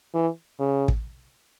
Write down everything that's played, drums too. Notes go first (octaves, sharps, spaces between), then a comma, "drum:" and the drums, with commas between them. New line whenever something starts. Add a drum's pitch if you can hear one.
E3
C#3
drum: kick